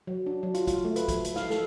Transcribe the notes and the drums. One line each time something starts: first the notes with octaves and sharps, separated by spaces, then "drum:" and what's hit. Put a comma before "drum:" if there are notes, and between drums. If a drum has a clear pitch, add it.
F#3
D4
F#3
F4, drum: hi-hat
F4, drum: kick, hi-hat
A3
B4, drum: hi-hat
F3, drum: kick, hi-hat
drum: hi-hat
F5, drum: snare
A4, drum: snare